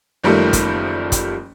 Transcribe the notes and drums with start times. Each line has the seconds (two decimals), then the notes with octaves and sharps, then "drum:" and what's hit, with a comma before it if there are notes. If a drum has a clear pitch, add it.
0.24 F#1 D#3 F3 G3 A3
0.53 drum: kick, hi-hat
1.12 drum: kick, hi-hat